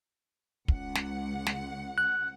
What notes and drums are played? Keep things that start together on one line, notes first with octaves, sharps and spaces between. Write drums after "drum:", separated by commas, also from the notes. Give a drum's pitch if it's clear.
C#2 F#5, drum: kick
drum: snare
drum: snare
F#6